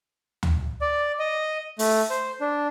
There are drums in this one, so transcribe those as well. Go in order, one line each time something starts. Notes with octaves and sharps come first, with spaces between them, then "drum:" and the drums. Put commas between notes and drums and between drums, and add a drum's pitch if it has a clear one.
drum: tom D2
D5
D#5
A3, drum: open hi-hat
C5
D4